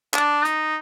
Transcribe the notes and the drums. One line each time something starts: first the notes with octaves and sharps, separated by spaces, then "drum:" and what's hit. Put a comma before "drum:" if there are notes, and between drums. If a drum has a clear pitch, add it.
D4, drum: clap
D#4, drum: hi-hat